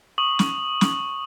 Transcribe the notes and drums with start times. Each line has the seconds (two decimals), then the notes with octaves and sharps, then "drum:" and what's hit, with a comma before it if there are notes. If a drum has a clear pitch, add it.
0.18 C#6 D#6 F#7
0.39 drum: snare
0.81 drum: snare